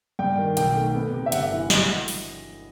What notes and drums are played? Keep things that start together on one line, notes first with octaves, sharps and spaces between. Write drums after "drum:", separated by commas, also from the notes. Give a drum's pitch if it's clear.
G2 G5
D#3
B1 G5, drum: hi-hat
A3
B3
C3
E5
G1 F#5, drum: hi-hat
E3
F#3 D#5, drum: snare
drum: open hi-hat